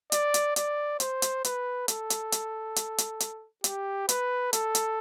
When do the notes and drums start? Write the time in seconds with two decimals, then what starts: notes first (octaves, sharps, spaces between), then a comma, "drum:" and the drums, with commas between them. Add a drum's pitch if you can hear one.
0.12 D5, drum: hi-hat
0.34 drum: hi-hat
0.56 D5, drum: hi-hat
1.00 C5, drum: hi-hat
1.22 drum: hi-hat
1.44 B4, drum: hi-hat
1.88 A4, drum: hi-hat
2.10 drum: hi-hat
2.32 drum: hi-hat
2.76 drum: hi-hat
2.98 drum: hi-hat
3.20 drum: hi-hat
3.64 G4, drum: hi-hat
4.09 B4, drum: hi-hat
4.53 A4, drum: hi-hat
4.75 drum: hi-hat